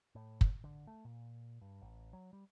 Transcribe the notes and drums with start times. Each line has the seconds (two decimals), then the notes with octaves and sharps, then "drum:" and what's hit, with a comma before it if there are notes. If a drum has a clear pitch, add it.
0.15 A2
0.41 drum: kick
0.64 D3
0.87 A3
1.05 A#2
1.61 G2
1.81 A1
2.13 F#3
2.33 G3